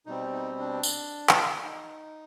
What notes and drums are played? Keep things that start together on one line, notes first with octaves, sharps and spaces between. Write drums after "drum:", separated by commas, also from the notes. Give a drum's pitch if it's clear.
B2 G3 C4 D#4
D#4
D4
drum: tambourine
drum: clap
D#4